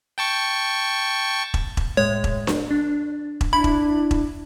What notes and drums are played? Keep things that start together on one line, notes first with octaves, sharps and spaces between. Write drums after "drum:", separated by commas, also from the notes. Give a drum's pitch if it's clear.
G5 A5 C#6
drum: kick E1
drum: kick E1
A2 G#3 C#5
drum: kick E1
drum: snare D4
D4
drum: kick E1
D4 E4 B5
drum: kick E1
drum: kick E1